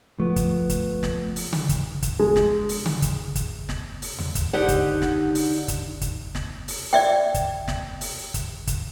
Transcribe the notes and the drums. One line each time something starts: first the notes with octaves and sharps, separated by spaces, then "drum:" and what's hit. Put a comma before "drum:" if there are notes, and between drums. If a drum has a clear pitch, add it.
F3 A3 B3
drum: kick, hi-hat
drum: kick, hi-hat
drum: snare
drum: open hi-hat
drum: tom C#3
drum: kick, hi-hat
drum: kick, hi-hat
G#3
drum: snare
drum: open hi-hat
drum: tom C#3
drum: kick, hi-hat
drum: kick, hi-hat
drum: snare
drum: open hi-hat
drum: tom D#2
drum: kick, hi-hat
D3 D#4 G4 D5 F#5
drum: kick, hi-hat
drum: snare
drum: open hi-hat
drum: kick, hi-hat
drum: kick, hi-hat
drum: snare
drum: open hi-hat
D5 E5 G5
drum: kick, hi-hat
drum: snare
drum: open hi-hat
drum: kick, hi-hat
drum: kick, hi-hat